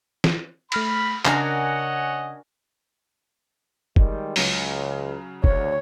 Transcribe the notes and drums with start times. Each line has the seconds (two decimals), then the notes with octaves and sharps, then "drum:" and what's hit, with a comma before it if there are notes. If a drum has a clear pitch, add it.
0.24 drum: snare
0.72 A3 B5 F6 A#6, drum: cymbal
1.25 C#3 D4 F#4 A#4 C#5 D#5 F#5 G#5, drum: clap
3.96 D#3 G3 G#3, drum: kick
4.36 C#2 C#3 F#3, drum: open hi-hat
5.44 D2 C#5, drum: kick